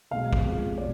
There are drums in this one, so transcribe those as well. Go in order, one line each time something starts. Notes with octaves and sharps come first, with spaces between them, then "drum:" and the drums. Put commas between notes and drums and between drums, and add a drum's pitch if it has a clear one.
B1 B2 G#3 F5
drum: kick
F2 C3 F3 G#3
B2 G#3 D5